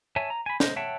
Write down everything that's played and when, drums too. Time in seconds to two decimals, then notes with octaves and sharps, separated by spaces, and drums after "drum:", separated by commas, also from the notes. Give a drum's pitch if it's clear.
0.16 C#5 E5 G#5 A5
0.30 A#5
0.46 G#5 B5
0.60 C5 D#5, drum: snare
0.76 C#5 E5 F#5 G5 A5